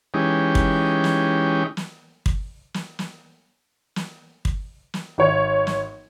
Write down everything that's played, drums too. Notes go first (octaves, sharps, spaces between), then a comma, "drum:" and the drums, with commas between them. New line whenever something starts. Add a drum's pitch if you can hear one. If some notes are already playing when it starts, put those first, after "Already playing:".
E3 G#3 C#4 D#4 G4
drum: kick
drum: snare
drum: snare
drum: kick
drum: snare
drum: snare
drum: snare
drum: kick
drum: snare
G#1 C#5
drum: snare